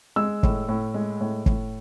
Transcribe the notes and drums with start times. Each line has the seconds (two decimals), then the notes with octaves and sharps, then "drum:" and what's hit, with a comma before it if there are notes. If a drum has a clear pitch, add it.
0.16 G#3 E6
0.43 A2, drum: kick
0.69 A2
0.94 G#3
1.21 A2
1.46 A2, drum: kick